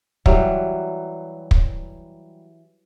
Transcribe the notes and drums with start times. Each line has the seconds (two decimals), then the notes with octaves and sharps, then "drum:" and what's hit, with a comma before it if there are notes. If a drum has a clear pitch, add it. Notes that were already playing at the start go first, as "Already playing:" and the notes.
0.26 E3 F#3 G3, drum: kick
1.51 drum: kick